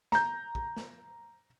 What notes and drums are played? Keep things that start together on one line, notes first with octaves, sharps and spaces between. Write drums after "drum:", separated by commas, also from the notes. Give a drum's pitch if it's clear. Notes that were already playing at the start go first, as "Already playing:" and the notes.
A#5 G6, drum: snare
drum: kick
drum: snare